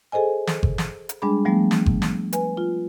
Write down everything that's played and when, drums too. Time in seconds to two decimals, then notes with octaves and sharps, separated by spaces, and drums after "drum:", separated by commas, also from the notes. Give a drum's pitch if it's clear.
0.12 G#4 A4 C5 D#5 G#5
0.47 drum: snare
0.63 drum: kick G1
0.78 drum: snare
1.09 drum: hi-hat
1.22 G3 G#3 D4 G#4 B5
1.45 F3 G3 A3 B3
1.71 drum: snare
1.86 drum: kick G1
2.02 drum: snare
2.33 B4 G#5, drum: hi-hat
2.57 F4